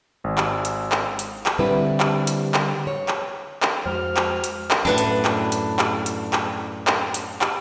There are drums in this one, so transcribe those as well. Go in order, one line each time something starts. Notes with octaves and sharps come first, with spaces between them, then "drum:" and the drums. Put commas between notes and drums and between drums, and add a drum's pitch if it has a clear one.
G#1
drum: clap
drum: hi-hat
drum: clap
drum: hi-hat
drum: clap
D3 G3 C4 E4 B4
drum: clap
drum: hi-hat
drum: clap
C#5
drum: clap
drum: clap
F2 G#3 F#4 C5 F6
drum: clap
drum: hi-hat
drum: clap
F#2 A2 D4 B4 F#5
drum: hi-hat
drum: clap
drum: hi-hat
drum: clap
drum: hi-hat
drum: clap
drum: clap
drum: hi-hat
drum: clap